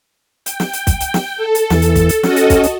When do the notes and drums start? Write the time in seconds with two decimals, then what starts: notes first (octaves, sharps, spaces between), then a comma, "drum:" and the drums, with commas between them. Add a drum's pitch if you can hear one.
0.46 G5, drum: hi-hat
0.60 drum: snare
0.73 drum: hi-hat
0.87 drum: kick, hi-hat
1.00 drum: hi-hat
1.14 drum: snare
1.36 A4
1.55 drum: hi-hat
1.70 E2 E3, drum: snare
1.82 drum: hi-hat
1.95 drum: kick, hi-hat
2.09 drum: hi-hat
2.23 C#4 F#4 A4 D#5, drum: snare
2.36 drum: hi-hat
2.50 drum: kick, hi-hat
2.63 drum: hi-hat